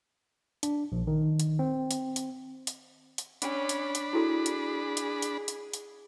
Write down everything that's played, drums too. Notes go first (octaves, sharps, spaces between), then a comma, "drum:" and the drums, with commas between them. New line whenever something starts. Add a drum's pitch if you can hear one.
D4, drum: hi-hat
A#1
D#3
drum: hi-hat
C4
drum: hi-hat
drum: hi-hat
drum: hi-hat
drum: hi-hat
C#4 D4 B5, drum: hi-hat
drum: hi-hat
drum: hi-hat
E4 F#4 G#4 A4
drum: hi-hat
drum: hi-hat
drum: hi-hat
drum: hi-hat
drum: hi-hat